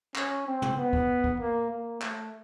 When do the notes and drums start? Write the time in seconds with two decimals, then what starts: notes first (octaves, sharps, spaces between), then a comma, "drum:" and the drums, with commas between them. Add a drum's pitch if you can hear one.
0.16 C#4, drum: clap
0.47 C4
0.62 drum: tom
0.77 B3
0.93 drum: kick C#2
1.24 drum: kick C#2
1.40 A#3
1.71 A#3
2.02 A3, drum: clap